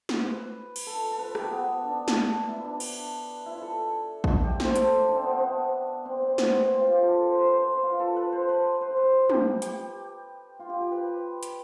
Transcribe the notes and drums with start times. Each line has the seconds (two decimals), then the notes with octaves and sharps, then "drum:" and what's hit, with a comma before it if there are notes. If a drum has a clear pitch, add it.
0.09 drum: snare
0.21 B4
0.76 drum: cymbal
0.87 A4
1.11 A4
1.19 B4
1.35 G4, drum: rim click
1.51 B3
1.84 D4
2.08 drum: snare
2.48 E4
2.65 D4
2.80 drum: cymbal
3.46 E4
3.62 A4
4.24 drum: kick
4.44 G4
4.60 C5, drum: snare
4.76 A4, drum: hi-hat
5.08 D4
5.16 C4
5.23 B3
5.31 C4
5.40 B3
6.05 C4
6.22 C4
6.38 B3, drum: snare
6.54 C4
6.70 C4
6.81 F4
6.92 G4
7.02 A4
7.26 C5
7.35 B4
7.51 C5
7.68 B4
7.83 F4
8.00 A4
8.16 B4
8.32 C5
8.48 B4
8.81 C5
8.97 B4
9.30 G4, drum: tom
9.62 G4, drum: hi-hat
10.59 F4
10.69 G4
10.81 G4
10.92 B4
11.43 drum: hi-hat